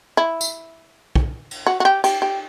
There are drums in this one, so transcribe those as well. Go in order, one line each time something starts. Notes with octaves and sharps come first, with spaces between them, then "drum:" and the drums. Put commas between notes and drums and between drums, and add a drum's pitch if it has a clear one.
E4
drum: tambourine
drum: kick
drum: cymbal
F#4
F#4
G4
G4, drum: cymbal
G4